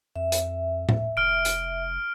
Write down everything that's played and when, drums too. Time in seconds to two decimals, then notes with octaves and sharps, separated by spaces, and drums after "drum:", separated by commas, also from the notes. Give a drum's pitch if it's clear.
0.16 F2 E5
0.32 drum: hi-hat
0.89 drum: tom A2
1.17 F1 F6 D7
1.45 drum: hi-hat